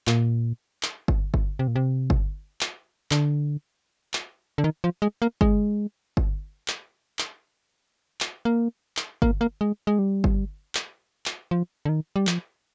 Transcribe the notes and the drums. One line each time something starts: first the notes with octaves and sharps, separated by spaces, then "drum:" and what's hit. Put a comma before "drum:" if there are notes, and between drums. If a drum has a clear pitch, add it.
A#2, drum: clap
drum: clap
drum: kick G1
drum: kick G1
C3
A#2
C3
drum: kick G1
drum: clap
D3, drum: clap
drum: clap
D3
D#3
F3
G#3
A#3
G#3, drum: kick G1
drum: kick G1
drum: clap
drum: clap
drum: clap
A#3
drum: clap
A#3, drum: kick G1
A#3
G#3
G#3
G3
drum: kick G1
drum: clap
drum: clap
F3
D3
D#3
G3
F3, drum: clap